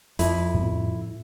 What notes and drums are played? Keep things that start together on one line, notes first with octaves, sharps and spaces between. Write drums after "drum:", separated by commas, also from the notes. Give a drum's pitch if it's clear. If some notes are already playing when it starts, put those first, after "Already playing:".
F2 E4, drum: hi-hat
drum: tom A2